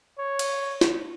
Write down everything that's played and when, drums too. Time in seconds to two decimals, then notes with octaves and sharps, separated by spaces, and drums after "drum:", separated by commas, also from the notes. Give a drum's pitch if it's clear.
0.19 C#5
0.39 drum: cymbal
0.81 drum: snare